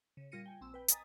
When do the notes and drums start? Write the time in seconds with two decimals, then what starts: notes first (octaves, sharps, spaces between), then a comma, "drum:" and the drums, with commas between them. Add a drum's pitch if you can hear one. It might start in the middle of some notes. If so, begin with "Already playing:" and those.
0.17 C#3
0.32 A#2 G3 F4 A#6 C#7 D#7
0.46 G5 G#5
0.61 A#1 C4 E6
0.74 B4 G5
0.88 D#5 G#5 A#5 D#6 A6 B6, drum: hi-hat